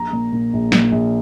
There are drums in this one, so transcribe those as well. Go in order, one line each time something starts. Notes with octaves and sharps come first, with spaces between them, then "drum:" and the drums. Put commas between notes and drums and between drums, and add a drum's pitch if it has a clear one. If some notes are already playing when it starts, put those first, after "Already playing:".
Already playing: A#1 A#5
A#2
A#2
A#1
A#2, drum: snare
A#1